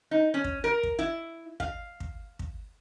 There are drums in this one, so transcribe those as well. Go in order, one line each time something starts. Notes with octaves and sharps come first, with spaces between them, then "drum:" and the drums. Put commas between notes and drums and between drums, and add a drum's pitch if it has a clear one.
D#4
C#4
drum: kick
A#4
drum: kick
E4
F5, drum: kick
drum: kick
drum: kick